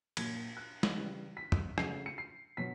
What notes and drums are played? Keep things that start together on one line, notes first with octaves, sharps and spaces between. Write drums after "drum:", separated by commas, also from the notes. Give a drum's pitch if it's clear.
A#2 F#3 A#3 G#6, drum: cymbal
F#6
drum: snare
C#3 E3 G3
B6
drum: tom
C#3 F#3 A3 C7, drum: rim click
C#7
C7
B2 F#3 B6